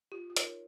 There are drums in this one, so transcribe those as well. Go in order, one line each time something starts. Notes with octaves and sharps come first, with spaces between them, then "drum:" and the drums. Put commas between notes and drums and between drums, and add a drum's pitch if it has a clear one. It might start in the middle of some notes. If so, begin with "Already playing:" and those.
F4 G4
F4
D#4 A#4 C#5, drum: hi-hat